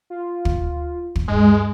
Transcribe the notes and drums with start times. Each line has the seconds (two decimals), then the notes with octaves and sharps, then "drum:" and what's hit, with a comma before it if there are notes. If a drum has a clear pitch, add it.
0.10 F4
0.45 drum: kick
1.16 drum: kick
1.28 G2 G#3